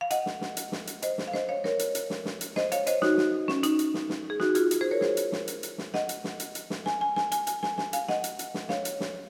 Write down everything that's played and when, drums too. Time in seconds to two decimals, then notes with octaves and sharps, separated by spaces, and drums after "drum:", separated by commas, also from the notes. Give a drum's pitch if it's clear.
0.01 F5
0.11 D#5 F#5, drum: hi-hat
0.26 drum: snare
0.41 drum: snare
0.57 drum: hi-hat
0.72 drum: snare
0.87 drum: hi-hat
1.02 C5 D#5, drum: hi-hat
1.18 drum: snare
1.27 F5
1.34 C5 D#5, drum: snare
1.49 C#5 F5
1.64 A#4 C#5, drum: snare
1.79 drum: hi-hat
1.95 drum: hi-hat
2.10 drum: snare
2.25 drum: snare
2.41 drum: hi-hat
2.56 C5 D#5, drum: snare
2.72 C#5 F5, drum: hi-hat
2.87 C5 D#5, drum: hi-hat
3.02 D#4 F#4, drum: snare
3.17 drum: snare
3.48 C#4, drum: snare
3.63 D#4, drum: hi-hat
3.79 drum: hi-hat
3.94 drum: snare
4.10 drum: snare
4.30 G#4
4.40 D#4 F#4, drum: snare
4.55 F4 G#4, drum: hi-hat
4.71 drum: hi-hat
4.81 G#4 C5
4.91 A#4 C#5
5.01 G#4 C5, drum: snare
5.17 drum: hi-hat
5.32 drum: snare
5.48 drum: hi-hat
5.63 drum: hi-hat
5.78 drum: snare
5.94 D#5 F#5, drum: snare
6.09 drum: hi-hat
6.24 drum: snare
6.40 drum: hi-hat
6.55 drum: hi-hat
6.70 drum: snare
6.86 G#5, drum: snare
7.01 G#5
7.16 G#5, drum: snare
7.32 G#5, drum: hi-hat
7.47 G#5, drum: hi-hat
7.63 G#5, drum: snare
7.78 G#5, drum: snare
7.93 F5 G#5, drum: hi-hat
8.08 D#5 F#5, drum: snare
8.24 drum: hi-hat
8.39 drum: hi-hat
8.54 drum: snare
8.69 C#5 F5, drum: snare
8.85 drum: hi-hat
9.00 drum: snare